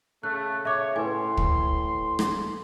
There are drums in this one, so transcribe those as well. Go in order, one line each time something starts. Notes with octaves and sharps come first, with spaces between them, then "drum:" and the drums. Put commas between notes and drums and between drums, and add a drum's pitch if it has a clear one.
C#3 A3 F#6
C#5 E5 D6
A2 B4 G#5 C6
drum: kick
drum: rim click